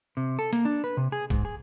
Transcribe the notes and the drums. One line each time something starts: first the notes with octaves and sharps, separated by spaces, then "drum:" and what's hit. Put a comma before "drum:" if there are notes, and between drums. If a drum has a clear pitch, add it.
C3
A4
A#3, drum: hi-hat
D4
B4
C3
G#4
G#2, drum: kick D#1, hi-hat
G#4